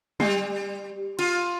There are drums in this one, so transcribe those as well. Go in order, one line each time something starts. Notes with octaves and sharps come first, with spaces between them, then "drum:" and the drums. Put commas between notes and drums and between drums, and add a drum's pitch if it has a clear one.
G3, drum: tom
F4, drum: cymbal